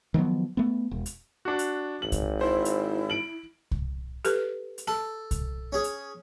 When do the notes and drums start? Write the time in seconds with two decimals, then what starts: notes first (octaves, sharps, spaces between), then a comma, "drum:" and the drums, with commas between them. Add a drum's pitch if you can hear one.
0.14 D#3 F3 F#3 B3
0.57 A3 B3
0.91 E1
1.06 drum: hi-hat
1.45 D4 F#4
1.59 drum: hi-hat
2.02 G#1 F#7
2.12 drum: kick C2, hi-hat
2.41 E4 C5
2.65 drum: hi-hat
3.10 D7 F#7
3.71 drum: kick C2
4.25 G4 A4 B4, drum: hi-hat
4.78 drum: hi-hat
4.87 A4 A5
5.31 drum: kick C2, hi-hat
5.72 C#4 G#4
5.84 drum: hi-hat